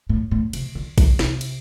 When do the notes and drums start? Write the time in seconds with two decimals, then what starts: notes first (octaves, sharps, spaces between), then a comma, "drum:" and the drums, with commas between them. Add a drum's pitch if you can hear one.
0.09 A2
0.31 A2
0.53 C3, drum: cymbal
0.75 D3
0.98 D3, drum: kick A#1, cymbal
1.19 C3, drum: snare
1.41 drum: cymbal